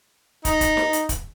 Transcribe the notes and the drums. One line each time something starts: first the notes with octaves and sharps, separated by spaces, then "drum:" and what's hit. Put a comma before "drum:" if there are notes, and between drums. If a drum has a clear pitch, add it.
D#4, drum: kick, hi-hat
drum: kick, hi-hat
drum: snare
drum: hi-hat
drum: kick, hi-hat